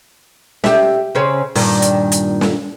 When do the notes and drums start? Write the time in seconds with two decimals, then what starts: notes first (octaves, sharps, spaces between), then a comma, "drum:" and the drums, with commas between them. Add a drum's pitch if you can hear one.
0.64 G4 E5, drum: snare
1.15 C#3 C4 C#4
1.55 G2 A#2 D#3, drum: open hi-hat
1.82 drum: hi-hat
2.12 drum: hi-hat
2.41 drum: snare